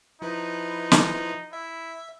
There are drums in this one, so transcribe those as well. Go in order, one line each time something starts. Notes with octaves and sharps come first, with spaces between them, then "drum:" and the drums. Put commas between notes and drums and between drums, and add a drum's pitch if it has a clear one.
F3 D#4 E4 B4
drum: snare
E4 E5